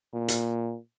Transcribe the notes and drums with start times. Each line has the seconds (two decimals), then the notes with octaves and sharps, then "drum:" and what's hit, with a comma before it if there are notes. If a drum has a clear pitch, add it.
0.13 A#2
0.28 drum: hi-hat